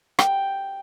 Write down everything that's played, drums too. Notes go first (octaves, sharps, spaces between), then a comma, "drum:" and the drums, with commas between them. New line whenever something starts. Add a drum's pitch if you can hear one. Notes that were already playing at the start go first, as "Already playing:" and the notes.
G5, drum: rim click